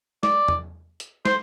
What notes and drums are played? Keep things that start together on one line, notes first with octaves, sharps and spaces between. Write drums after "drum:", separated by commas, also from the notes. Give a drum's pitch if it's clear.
D5, drum: snare
drum: tom
drum: hi-hat
C5, drum: snare